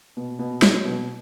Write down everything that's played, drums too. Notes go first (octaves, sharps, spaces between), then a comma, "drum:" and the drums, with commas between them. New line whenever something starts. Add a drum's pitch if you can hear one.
B2
B2
F#3, drum: snare
B2